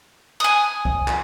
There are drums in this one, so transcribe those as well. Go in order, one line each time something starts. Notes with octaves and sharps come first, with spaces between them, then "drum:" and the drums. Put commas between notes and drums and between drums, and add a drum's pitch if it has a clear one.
G#5 D#6
drum: kick C2
drum: clap